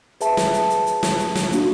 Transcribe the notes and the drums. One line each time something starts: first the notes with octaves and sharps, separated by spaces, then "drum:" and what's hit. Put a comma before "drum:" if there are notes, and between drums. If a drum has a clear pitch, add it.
G#4 B4 E5 A5, drum: hi-hat
drum: snare
drum: hi-hat
drum: hi-hat
drum: hi-hat
drum: snare
drum: hi-hat
drum: snare
A#3 D4 F#4, drum: hi-hat